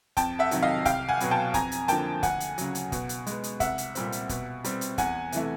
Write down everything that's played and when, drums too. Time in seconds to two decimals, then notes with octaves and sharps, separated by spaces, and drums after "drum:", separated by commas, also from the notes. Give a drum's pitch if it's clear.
0.17 F2 G5 A5, drum: kick, hi-hat
0.39 E5 F#5
0.51 C3 D#3 F#3, drum: hi-hat
0.63 D#5 F5
0.85 C2 F5 G5, drum: kick, hi-hat
1.09 F#5 G#5
1.20 B2 F#3 B3, drum: hi-hat
1.31 G5 A5
1.54 F2 G#5 A#5, drum: kick, hi-hat
1.72 drum: hi-hat
1.88 D3 F3 A#3 G5 A5, drum: hi-hat
2.23 D2 F#5 G#5, drum: kick, hi-hat
2.40 drum: hi-hat
2.58 C#3 F#3, drum: hi-hat
2.75 drum: hi-hat
2.92 B2, drum: kick, hi-hat
3.09 drum: hi-hat
3.27 G#3 B3, drum: hi-hat
3.44 drum: hi-hat
3.60 C2 E5 F#5, drum: kick, hi-hat
3.78 drum: hi-hat
3.95 A#2 G3 C4, drum: hi-hat
4.12 drum: hi-hat
4.29 B2, drum: kick, hi-hat
4.64 G3 C4, drum: hi-hat
4.81 drum: hi-hat
4.98 E2 F#5 G#5, drum: kick, hi-hat
5.32 C3 E3 A3, drum: hi-hat